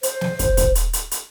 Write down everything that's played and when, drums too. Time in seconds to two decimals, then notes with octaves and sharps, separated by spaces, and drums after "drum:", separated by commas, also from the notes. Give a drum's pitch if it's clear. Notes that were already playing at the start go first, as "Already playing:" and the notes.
0.03 C5, drum: hi-hat
0.21 drum: snare
0.39 drum: kick, hi-hat
0.57 drum: kick, hi-hat
0.75 drum: hi-hat
0.93 drum: hi-hat
1.11 drum: hi-hat